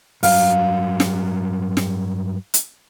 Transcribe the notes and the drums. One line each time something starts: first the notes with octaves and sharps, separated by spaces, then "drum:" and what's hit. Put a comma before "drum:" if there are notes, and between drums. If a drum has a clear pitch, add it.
G2 F#3 F5, drum: open hi-hat
drum: snare
drum: snare
drum: hi-hat